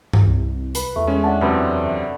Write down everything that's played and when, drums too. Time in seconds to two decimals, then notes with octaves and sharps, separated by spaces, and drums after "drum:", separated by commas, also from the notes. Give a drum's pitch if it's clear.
0.13 drum: tom G2
0.25 C2
0.75 B4, drum: hi-hat
0.96 E2 A3
1.07 G#3 C#4
1.23 D4 F#5 A5
1.41 F#2 C3 C4 B4